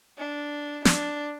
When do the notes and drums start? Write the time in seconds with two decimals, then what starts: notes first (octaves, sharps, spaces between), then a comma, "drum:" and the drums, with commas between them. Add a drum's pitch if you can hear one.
0.18 D4
0.85 D4, drum: snare